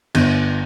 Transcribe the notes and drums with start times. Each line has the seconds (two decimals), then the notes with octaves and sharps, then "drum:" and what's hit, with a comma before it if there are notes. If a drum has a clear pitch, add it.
0.15 G1, drum: cymbal